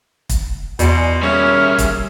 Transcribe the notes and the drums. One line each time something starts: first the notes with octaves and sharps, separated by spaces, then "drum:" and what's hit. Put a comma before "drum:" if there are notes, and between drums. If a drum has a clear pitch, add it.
drum: kick, hi-hat
E2 B2 D5 F#5 G#5 C6, drum: hi-hat
G3 A#3 C#4 G#4 E5 E6 F6
drum: kick, hi-hat